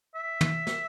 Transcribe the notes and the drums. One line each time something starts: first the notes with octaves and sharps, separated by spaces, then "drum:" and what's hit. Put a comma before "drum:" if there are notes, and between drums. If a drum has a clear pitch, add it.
E5
drum: tom
drum: snare